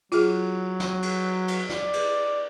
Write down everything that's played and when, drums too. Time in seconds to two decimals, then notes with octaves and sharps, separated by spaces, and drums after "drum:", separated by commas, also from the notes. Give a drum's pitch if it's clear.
0.12 F#3 F4 G#4, drum: cymbal
0.80 drum: snare
1.02 drum: cymbal
1.48 drum: cymbal
1.69 D5, drum: snare
1.93 drum: cymbal